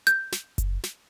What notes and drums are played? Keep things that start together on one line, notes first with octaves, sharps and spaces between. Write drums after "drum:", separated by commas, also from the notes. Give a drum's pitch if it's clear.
G6, drum: hi-hat
drum: snare
drum: kick F#1, hi-hat
drum: snare